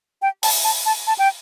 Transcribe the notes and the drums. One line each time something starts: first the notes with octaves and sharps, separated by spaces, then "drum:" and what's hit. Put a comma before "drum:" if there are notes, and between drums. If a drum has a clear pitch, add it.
G5
A5, drum: open hi-hat
A5
A5
A5
G5